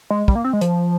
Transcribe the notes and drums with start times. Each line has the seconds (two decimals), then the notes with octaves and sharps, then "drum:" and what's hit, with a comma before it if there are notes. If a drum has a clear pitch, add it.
0.11 G#3
0.28 G3, drum: kick
0.35 A#3
0.45 C4
0.53 G#3
0.61 F3, drum: hi-hat